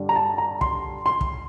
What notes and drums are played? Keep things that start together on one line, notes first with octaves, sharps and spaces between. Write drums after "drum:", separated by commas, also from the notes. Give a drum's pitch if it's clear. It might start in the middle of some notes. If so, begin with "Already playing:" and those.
Already playing: G2 D3 G3
A#5
A5
A#5
C6, drum: kick
C6
drum: kick